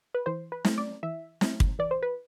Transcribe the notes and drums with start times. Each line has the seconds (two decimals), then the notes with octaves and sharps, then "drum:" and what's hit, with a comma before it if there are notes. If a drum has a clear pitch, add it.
0.14 B4
0.26 E3 C5
0.52 B4
0.65 A3 C4 E4, drum: snare
0.78 D5
1.03 E3 E5
1.41 A3 C4 E4, drum: snare
1.60 drum: kick
1.79 E3 D5
1.91 C5
2.03 B4